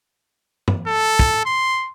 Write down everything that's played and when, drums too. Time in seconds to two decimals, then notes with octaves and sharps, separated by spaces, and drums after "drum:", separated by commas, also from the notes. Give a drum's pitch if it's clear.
0.68 drum: tom G2
0.87 A4
1.19 drum: kick
1.45 C6